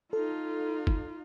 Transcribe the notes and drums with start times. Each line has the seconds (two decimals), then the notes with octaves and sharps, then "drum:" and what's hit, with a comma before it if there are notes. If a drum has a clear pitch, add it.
0.13 D#4 F4 A4
0.87 drum: kick